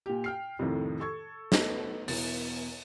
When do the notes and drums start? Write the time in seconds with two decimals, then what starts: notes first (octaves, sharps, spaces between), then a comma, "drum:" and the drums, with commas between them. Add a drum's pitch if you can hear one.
0.06 A#2 G4
0.24 G5 F6 C7
0.59 F2 A2 C3 D#3
1.00 A4 C#6 G#6
1.52 A3 B3 D#4, drum: snare
2.08 E2 B2 A6, drum: open hi-hat